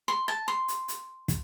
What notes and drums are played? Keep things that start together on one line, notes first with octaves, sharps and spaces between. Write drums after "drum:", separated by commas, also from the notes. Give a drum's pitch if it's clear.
C6
A5
C6
drum: hi-hat
drum: hi-hat
drum: kick, hi-hat